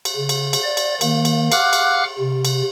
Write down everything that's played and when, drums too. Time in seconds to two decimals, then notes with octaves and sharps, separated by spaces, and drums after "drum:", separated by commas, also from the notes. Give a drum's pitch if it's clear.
0.05 drum: cymbal
0.16 C#3
0.29 drum: cymbal
0.53 drum: cymbal
0.64 D5
0.77 drum: cymbal
1.01 D#3 A#3, drum: cymbal
1.25 drum: cymbal
1.52 F5 F#5 D6 F6 F#6, drum: cymbal
1.73 drum: cymbal
2.19 C3
2.45 drum: cymbal